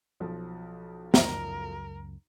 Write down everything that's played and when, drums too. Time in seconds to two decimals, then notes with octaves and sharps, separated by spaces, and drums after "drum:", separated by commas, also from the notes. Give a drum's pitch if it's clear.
0.20 B1 F3
1.14 C#2 F#2 A#4, drum: snare